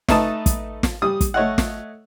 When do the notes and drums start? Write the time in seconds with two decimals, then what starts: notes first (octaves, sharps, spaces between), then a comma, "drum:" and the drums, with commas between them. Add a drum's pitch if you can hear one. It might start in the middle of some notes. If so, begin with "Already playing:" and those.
0.08 A3 D#4 B4 A5 D#6, drum: snare
0.46 drum: kick, hi-hat
0.83 drum: snare
1.02 G3 D#6
1.21 drum: kick, hi-hat
1.34 A3 C#5 D#5 F#5
1.58 drum: snare